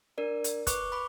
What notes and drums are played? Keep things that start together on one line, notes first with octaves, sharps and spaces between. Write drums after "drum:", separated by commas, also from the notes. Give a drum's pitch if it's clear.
D4 A#4 D5
drum: hi-hat
B4 C#6 D6 F#6, drum: kick, hi-hat
B5 C#6 D6